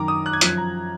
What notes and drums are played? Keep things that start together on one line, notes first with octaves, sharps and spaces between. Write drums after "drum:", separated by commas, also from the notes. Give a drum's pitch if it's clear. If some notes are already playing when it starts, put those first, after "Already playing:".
Already playing: F#2 D#3 A#5 D6
D#6
F#6
G#6
F#2 F3 F#6, drum: hi-hat
A#5